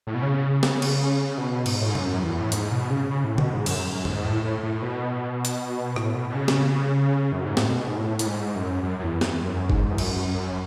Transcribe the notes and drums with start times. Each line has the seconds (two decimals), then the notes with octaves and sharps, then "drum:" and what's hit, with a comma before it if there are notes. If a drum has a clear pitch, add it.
0.07 A2
0.14 B2
0.22 C#3
0.63 drum: snare
0.82 drum: cymbal
1.38 B2
1.66 G#2, drum: cymbal
1.80 A2
1.88 G#2
1.95 F#2, drum: tom
2.23 E2
2.41 A2
2.52 G#2, drum: hi-hat
2.72 B2
2.90 C#3
3.10 C#3
3.24 A2
3.38 B2, drum: tom D3
3.53 G#2
3.66 F#2, drum: cymbal
3.95 F#2
4.05 G#2, drum: tom F2
4.25 A2
4.44 A2
4.63 A2
4.82 B2
5.45 drum: hi-hat
5.96 A2, drum: rim click
6.15 B2
6.30 B2
6.35 C#3
6.48 drum: snare
7.32 F#2
7.45 G#2
7.57 A2, drum: snare
7.69 B2
7.87 G#2
7.97 A2
8.19 A2, drum: hi-hat
8.26 G#2
8.55 F#2
8.83 F#2
8.99 F#2
9.03 E2
9.21 E2, drum: snare
9.42 F#2
9.70 G#2, drum: kick F#1
9.92 E2
9.98 F#2, drum: cymbal
10.27 F#2